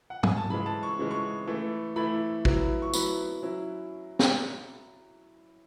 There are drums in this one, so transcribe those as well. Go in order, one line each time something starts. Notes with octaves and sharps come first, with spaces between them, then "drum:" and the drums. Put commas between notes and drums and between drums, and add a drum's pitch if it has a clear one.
F#5
G#5, drum: tom
A5
C#3 E3 G#3 B5
A5
C#6
C#3 E3 G#3
C#6
E3 A3 E4
E3 A3 E4 B5
F#3 B3 E4, drum: kick A1
C#6
F#3 B3 E4 B5, drum: tambourine
F#3 C#4 E4
drum: snare